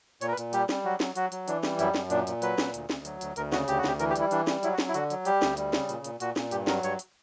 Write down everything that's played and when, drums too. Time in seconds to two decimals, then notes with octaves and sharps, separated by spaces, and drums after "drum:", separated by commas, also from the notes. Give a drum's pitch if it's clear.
0.21 A#2 C#5, drum: hi-hat
0.28 A#4
0.32 B4
0.37 A#2, drum: hi-hat
0.53 G3 G4, drum: hi-hat
0.69 G3, drum: snare
0.84 F#3 F#4
1.00 F#3, drum: snare
1.16 F#3 F#4, drum: hi-hat
1.32 F#3, drum: hi-hat
1.48 E3 D4, drum: hi-hat
1.63 G3, drum: snare
1.79 F#2 E4, drum: hi-hat
1.94 F#2, drum: snare
2.10 A#2 D4, drum: hi-hat
2.27 A#2, drum: hi-hat
2.42 F#3 B4, drum: hi-hat
2.58 A#2, drum: snare
2.74 D2, drum: hi-hat
2.90 D2, drum: snare
3.05 F#3, drum: hi-hat
3.21 D2, drum: hi-hat
3.36 D2 A#4, drum: hi-hat
3.52 C#3 F#4, drum: snare
3.68 D2 G4, drum: hi-hat
3.78 F#4
3.84 D2 G4, drum: snare
4.00 E3 A#4, drum: hi-hat
4.10 G4
4.16 G3 E4, drum: hi-hat
4.31 E3 D4, drum: hi-hat
4.47 G3, drum: snare
4.63 F#3 E4, drum: hi-hat
4.73 F#4
4.78 F#3, drum: snare
4.89 E4
4.94 D3 F#4, drum: hi-hat
5.10 F#3, drum: hi-hat
5.25 G3 G4, drum: hi-hat
5.42 D2, drum: snare
5.57 G3, drum: hi-hat
5.73 C#3, drum: snare
5.89 A#2, drum: hi-hat
6.04 A#2, drum: hi-hat
6.20 A#2 F#4, drum: hi-hat
6.36 A#2, drum: snare
6.51 G2 G4, drum: hi-hat
6.67 F#3 A#4, drum: snare
6.83 G2 C#5, drum: hi-hat
6.99 drum: hi-hat